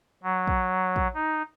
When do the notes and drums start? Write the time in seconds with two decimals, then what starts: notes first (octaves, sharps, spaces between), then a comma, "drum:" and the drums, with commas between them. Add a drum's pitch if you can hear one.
0.23 F#3
0.47 drum: kick
0.96 drum: kick
1.15 D#4